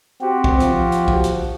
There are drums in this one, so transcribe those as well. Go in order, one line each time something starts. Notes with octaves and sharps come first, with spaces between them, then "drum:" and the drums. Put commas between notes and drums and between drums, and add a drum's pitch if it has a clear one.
C4 F#4 G4
drum: kick
F3, drum: hi-hat
drum: hi-hat
drum: kick
drum: hi-hat